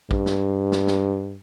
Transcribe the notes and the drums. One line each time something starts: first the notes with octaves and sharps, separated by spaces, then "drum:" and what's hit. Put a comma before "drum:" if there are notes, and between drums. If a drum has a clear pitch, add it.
G2, drum: kick
drum: snare
drum: snare
drum: snare